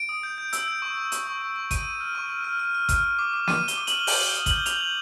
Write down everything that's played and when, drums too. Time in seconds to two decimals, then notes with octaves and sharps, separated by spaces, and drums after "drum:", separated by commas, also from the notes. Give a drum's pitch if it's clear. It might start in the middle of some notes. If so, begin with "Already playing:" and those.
Already playing: D7
0.09 D#6
0.23 G6
0.38 G6
0.53 E6, drum: hi-hat
0.68 G6
0.82 C#6
0.98 C#6
1.12 C#6, drum: hi-hat
1.27 C#6
1.42 C#6
1.56 C#6
1.71 C#6 D#7, drum: kick A1, hi-hat
1.86 C#6
2.00 F6
2.15 C#6
2.30 F6
2.44 F6
2.60 F6
2.75 F6
2.89 F6, drum: kick A1, hi-hat
3.04 F6
3.19 D6
3.34 D6
3.48 D6 D#7, drum: snare
3.63 F6
3.68 G7, drum: hi-hat
3.78 D6
3.87 F#7, drum: hi-hat
3.92 F6
3.99 G7
4.07 G6 F#7, drum: open hi-hat
4.18 F#7
4.22 G6 G7
4.37 D#6
4.46 F#7, drum: kick A1, hi-hat
4.51 G6
4.66 G6 F7, drum: hi-hat
4.81 G6